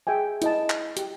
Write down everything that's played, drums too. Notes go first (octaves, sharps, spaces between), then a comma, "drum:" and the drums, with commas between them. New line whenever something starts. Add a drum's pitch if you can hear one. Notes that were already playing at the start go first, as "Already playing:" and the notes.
G#4 E5 G5 G#5
E4 D#5 A5, drum: hi-hat
drum: clap
G4, drum: hi-hat